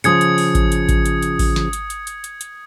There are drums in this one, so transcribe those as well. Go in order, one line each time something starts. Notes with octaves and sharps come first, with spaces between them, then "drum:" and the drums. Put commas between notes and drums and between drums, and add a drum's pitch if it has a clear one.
C#3 F3 D#6 G#6 C#7, drum: hi-hat
drum: hi-hat
drum: open hi-hat
drum: kick A1, hi-hat
drum: hi-hat
drum: kick A1, hi-hat
drum: hi-hat
drum: hi-hat
drum: kick A1, open hi-hat
drum: snare
drum: hi-hat
drum: hi-hat
drum: hi-hat
drum: hi-hat
drum: hi-hat